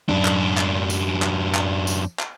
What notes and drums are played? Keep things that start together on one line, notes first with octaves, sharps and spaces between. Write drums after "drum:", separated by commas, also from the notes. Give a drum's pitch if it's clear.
F#2 D4
drum: clap
drum: clap
drum: tambourine
drum: clap
drum: clap
drum: tambourine
drum: clap